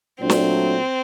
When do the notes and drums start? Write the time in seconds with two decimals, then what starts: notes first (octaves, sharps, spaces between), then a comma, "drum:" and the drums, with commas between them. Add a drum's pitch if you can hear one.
0.20 A#2 F#3 A3 C4 D4
0.30 drum: snare